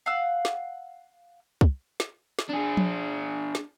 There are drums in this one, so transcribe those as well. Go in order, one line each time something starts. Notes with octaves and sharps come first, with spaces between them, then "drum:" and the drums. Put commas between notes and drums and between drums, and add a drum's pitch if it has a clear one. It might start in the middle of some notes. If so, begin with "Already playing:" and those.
F5 F#5 E6
drum: snare
drum: kick
drum: snare
drum: snare
D4 G#4
drum: tom F3
drum: snare